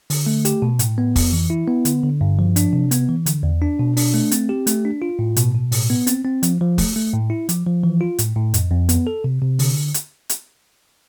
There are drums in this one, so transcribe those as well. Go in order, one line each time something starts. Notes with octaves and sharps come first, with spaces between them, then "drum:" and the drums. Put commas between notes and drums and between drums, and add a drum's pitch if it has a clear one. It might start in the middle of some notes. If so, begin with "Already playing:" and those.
D3, drum: open hi-hat
A3
G4, drum: hi-hat
B2
A2, drum: hi-hat
B3
F2, drum: kick, open hi-hat
E3
E4
B3
D3, drum: hi-hat
D3
G2
F3
D4, drum: hi-hat
C3
B3, drum: hi-hat
E3
D3, drum: hi-hat
E2
D4
B2
D4, drum: open hi-hat
A3
C4, drum: hi-hat
G4
A3, drum: hi-hat
D4
F4
A2
B2, drum: hi-hat
B2
A2, drum: open hi-hat
B3
C4, drum: hi-hat
C4
F3, drum: hi-hat
F3
A3, drum: kick, open hi-hat
A3
A2
E4
F3, drum: hi-hat
F3
E3
F4
A2, drum: hi-hat
A2
F2, drum: hi-hat
F2
B3, drum: hi-hat
A4
C3
C3
D3, drum: open hi-hat
drum: hi-hat
drum: hi-hat